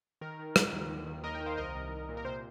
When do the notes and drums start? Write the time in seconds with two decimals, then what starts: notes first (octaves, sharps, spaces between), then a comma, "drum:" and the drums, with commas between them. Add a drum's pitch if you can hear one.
0.21 D#3 A#4
0.39 D#3
0.56 D#3, drum: rim click
0.73 D#2
0.90 D#2
1.06 D#3
1.23 D#2 A#4 D#5
1.35 D#5 G5
1.40 D#3
1.46 C5 F5
1.57 C2 A#4 D#5
1.74 C2
1.92 C2
2.09 A#2
2.17 A#4
2.25 C3 C5